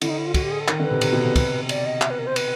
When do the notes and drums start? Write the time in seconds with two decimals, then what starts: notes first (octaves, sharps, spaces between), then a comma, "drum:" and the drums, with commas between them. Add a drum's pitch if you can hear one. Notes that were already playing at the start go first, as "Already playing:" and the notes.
0.02 D3 E4, drum: cymbal
0.10 D#4
0.18 E4
0.27 F4
0.34 F#4, drum: kick, cymbal
0.43 G4
0.51 G#4
0.60 A4
0.68 D#3 A#4, drum: clap
0.80 D3
0.85 B4
0.91 C3
1.01 C3, drum: cymbal
1.12 B2
1.24 C3
1.36 C3, drum: kick, cymbal
1.69 D5, drum: cymbal
1.86 D#5
2.01 E5, drum: clap
2.10 B4
2.19 A#4
2.27 C5
2.36 B4, drum: cymbal